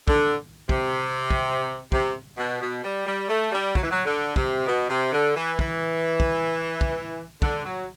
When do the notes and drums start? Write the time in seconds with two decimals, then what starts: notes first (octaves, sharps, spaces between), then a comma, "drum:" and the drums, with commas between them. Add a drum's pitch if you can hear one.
0.08 D3, drum: kick
0.69 C3, drum: kick
1.30 drum: kick
1.92 C3, drum: kick
2.38 B2
2.61 B2
2.84 G3
3.07 G3
3.29 A3
3.52 G3
3.75 F#3, drum: kick
3.83 E3
3.91 F#3
4.06 D3
4.36 C3, drum: kick
4.67 B2
4.90 C3
5.13 D3
5.36 E3
5.59 E3, drum: kick
6.20 drum: kick
6.81 drum: kick
7.42 D3, drum: kick
7.65 F#3